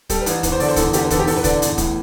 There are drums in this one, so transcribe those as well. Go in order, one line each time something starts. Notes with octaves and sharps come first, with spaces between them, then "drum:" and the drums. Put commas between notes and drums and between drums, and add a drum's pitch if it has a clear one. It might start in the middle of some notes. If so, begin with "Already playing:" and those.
G3 A4, drum: kick, hi-hat
B4
A1, drum: hi-hat
E2 B4, drum: kick, hi-hat
C5
D3 D5, drum: open hi-hat
C5
E2 A4, drum: kick, hi-hat
D3 G4, drum: hi-hat
B4
E2 A4, drum: kick, hi-hat
G4
E2 A4, drum: open hi-hat
B4
D3 D5, drum: kick, hi-hat
E2, drum: hi-hat
A2, drum: kick, hi-hat